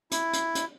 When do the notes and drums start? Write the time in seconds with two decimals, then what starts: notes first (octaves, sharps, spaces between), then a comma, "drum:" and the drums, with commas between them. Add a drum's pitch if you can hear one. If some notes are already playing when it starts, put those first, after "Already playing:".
0.11 E4, drum: hi-hat
0.33 drum: hi-hat
0.55 drum: hi-hat